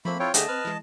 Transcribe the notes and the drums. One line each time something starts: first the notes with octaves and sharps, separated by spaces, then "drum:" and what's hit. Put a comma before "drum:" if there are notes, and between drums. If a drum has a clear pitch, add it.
F3 A3 A#3 C4 B5
E4 F4 A4 C#5 G5
D3 A3 G4 G#4 D#5 A5 F#6, drum: hi-hat
C4 B4 F6
E3 G#3